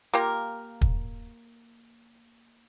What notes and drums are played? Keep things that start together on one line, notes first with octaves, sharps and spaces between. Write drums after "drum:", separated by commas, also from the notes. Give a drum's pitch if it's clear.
A#3 F4 G4 A#4
drum: kick